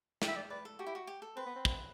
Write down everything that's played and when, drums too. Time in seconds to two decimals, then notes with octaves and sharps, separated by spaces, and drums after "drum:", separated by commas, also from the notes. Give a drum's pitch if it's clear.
0.22 G5, drum: snare
0.28 E5
0.36 D5
0.50 B4 D5
0.65 A4
0.79 F#4 G4
0.86 E4
0.95 F#4
1.07 G4
1.22 A4
1.36 C4 B4
1.46 B3
1.56 C4
1.65 drum: kick